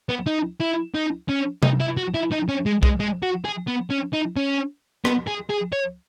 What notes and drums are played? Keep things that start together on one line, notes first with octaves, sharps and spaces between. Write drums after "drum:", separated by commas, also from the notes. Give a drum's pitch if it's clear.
B3
D#4
E4
D#4
C#4
D#4, drum: tom C3
E4
F#4
E4
D#4
C#4
G#3
G#3, drum: kick
G#3
F#4
G#4
B3
C#4
D#4
C#4
B3, drum: rim click
G#4
G#4
C#5